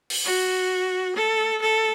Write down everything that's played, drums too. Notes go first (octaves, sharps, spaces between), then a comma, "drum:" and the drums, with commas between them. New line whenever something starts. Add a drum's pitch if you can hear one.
drum: open hi-hat
F#4
A4
A4